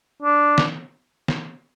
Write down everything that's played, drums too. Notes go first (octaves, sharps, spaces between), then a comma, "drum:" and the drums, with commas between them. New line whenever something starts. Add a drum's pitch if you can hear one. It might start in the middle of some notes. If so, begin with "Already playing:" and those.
D4
drum: snare
drum: snare